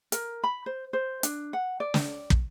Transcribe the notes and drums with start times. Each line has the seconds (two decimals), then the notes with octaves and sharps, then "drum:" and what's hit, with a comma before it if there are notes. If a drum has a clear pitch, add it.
0.12 A#4, drum: hi-hat
0.44 B5
0.66 C5
0.93 C5
1.23 D4, drum: hi-hat
1.53 F#5
1.80 D5
1.94 drum: snare
2.30 drum: kick